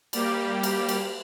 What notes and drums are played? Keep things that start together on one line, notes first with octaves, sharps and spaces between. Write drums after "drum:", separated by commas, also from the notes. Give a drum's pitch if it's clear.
G3 A#3 G4, drum: cymbal
drum: cymbal
drum: cymbal